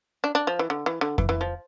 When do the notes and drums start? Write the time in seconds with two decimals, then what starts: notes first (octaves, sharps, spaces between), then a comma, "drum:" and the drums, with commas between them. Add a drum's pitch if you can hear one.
0.24 D4
0.35 D4
0.47 F3
0.59 E3
0.70 D3
0.86 E3
1.01 D3
1.18 E3, drum: kick F2
1.29 E3
1.41 F3